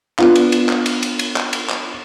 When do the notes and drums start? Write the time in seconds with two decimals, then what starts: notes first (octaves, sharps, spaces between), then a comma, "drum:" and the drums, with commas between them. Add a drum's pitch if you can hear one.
0.19 B3 D4 F4, drum: clap
0.36 drum: cymbal
0.52 drum: cymbal
0.69 drum: clap
0.86 drum: cymbal
1.03 drum: cymbal
1.19 drum: cymbal
1.36 drum: clap
1.53 drum: cymbal
1.70 drum: clap